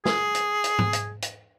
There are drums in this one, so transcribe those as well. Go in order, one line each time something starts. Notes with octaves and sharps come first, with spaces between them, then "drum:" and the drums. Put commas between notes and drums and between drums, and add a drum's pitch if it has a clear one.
G#4, drum: snare
drum: hi-hat
drum: hi-hat
drum: tom G#2
drum: hi-hat
drum: hi-hat